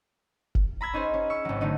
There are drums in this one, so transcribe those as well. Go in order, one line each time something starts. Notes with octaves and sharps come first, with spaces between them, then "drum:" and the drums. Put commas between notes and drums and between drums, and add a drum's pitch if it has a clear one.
drum: kick
A#5 B5 E6 G#6
C#4 D#4 G#4 C5
C#4
C#6 E6
G#1 F#3
D3 F#3 A3 D#4